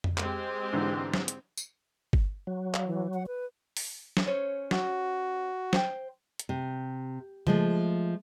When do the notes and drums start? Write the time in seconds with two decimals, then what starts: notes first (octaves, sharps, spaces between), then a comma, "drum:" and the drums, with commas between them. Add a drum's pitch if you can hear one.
0.04 drum: tom F2
0.18 G#3 C4 G4, drum: clap
0.73 G#2 D3 E3
1.14 drum: snare
1.28 drum: hi-hat
1.57 drum: tambourine
2.13 drum: kick G1
2.47 F#3
2.74 F5, drum: clap
2.87 E3
3.14 F#5
3.27 B4
3.77 drum: open hi-hat
4.17 drum: snare
4.26 C#4 C5 C#5
4.71 F#4, drum: snare
5.73 C5 G5, drum: snare
6.39 drum: hi-hat
6.49 C3
7.47 F3 G#3 A3, drum: tom C#3